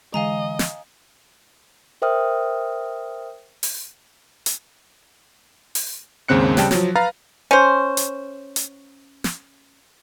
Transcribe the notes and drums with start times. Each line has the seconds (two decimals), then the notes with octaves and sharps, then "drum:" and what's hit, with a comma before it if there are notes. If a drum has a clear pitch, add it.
0.14 D3 E3 G#3 D#5 F5 G#5 A#5
0.59 drum: snare
2.02 A#4 C5 E5 G5 D#6 F6
3.63 drum: open hi-hat
4.46 drum: hi-hat
5.75 drum: open hi-hat
6.28 D#2 G#2 C#3 C4 F#6 C#7
6.57 C#3 G3 C4 G5 A5, drum: snare
6.71 F3 F#3, drum: snare
6.96 B4 F5 A#5 A6
7.51 C#4 C5
7.97 drum: hi-hat
8.56 drum: hi-hat
9.24 drum: snare